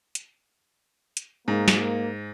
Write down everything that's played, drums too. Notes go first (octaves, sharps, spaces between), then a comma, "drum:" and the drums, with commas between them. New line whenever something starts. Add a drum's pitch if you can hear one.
drum: hi-hat
drum: hi-hat
G#2 A#3
drum: snare